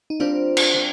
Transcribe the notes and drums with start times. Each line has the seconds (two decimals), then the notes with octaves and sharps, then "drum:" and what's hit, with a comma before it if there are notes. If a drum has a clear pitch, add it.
0.10 D#4
0.20 G3 C4 D4 F4 G4 A#4
0.57 drum: cymbal
0.74 G3 C4 G4 A#4